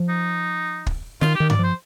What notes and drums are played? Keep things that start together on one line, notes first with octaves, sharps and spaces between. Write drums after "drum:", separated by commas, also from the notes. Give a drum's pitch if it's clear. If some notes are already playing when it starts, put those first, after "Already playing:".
Already playing: F3
D#4
drum: kick
D#3 F4, drum: snare
G4
D#3
D5, drum: tom G2
F3 C5